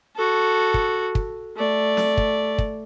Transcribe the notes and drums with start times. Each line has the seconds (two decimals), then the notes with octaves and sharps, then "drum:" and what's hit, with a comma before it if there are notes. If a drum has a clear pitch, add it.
0.16 F#4 A4
0.74 drum: kick
1.15 drum: kick
1.56 A3 D5
1.97 drum: snare
2.17 drum: kick
2.58 drum: kick